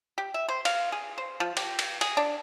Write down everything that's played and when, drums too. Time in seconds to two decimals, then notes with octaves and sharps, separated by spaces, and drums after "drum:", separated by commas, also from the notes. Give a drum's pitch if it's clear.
0.18 G4
0.34 E5
0.49 C5
0.65 F5, drum: cymbal
0.92 G#4
1.18 C5
1.40 F3
1.57 G4, drum: cymbal
1.79 drum: cymbal
2.01 G#4, drum: cymbal
2.17 D4